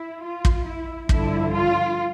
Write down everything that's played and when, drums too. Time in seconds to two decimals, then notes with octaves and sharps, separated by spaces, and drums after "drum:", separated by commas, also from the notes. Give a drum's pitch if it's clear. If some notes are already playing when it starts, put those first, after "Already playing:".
Already playing: E4
0.24 F4
0.45 drum: kick
0.67 E4
1.09 G2 D3 F3 E4, drum: kick
1.53 F4